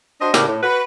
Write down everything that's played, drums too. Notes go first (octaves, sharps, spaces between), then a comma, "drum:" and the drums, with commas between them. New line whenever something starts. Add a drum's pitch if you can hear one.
D4 F#4 C5 D#5
A2 C#3 A#3 C4 D4 G4, drum: snare
A2
F#4 B4